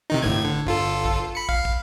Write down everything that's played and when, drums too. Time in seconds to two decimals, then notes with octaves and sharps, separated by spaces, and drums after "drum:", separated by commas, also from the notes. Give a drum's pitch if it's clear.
0.10 C3 D#3 D#4
0.22 G1 A2 G#6
0.45 D3
0.66 G1 F4 A4
1.05 drum: kick
1.35 B5 C#7
1.49 F5, drum: kick
1.65 drum: kick